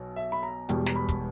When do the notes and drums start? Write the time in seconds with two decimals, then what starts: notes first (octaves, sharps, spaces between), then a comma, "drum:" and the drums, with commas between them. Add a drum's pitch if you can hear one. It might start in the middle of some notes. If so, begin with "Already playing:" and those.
Already playing: B1 B2
0.16 E5
0.32 B5
0.43 A#5
0.69 E1 E2 B2 G3 G5, drum: hi-hat
0.86 A#5, drum: snare
0.96 B5
1.09 drum: kick, hi-hat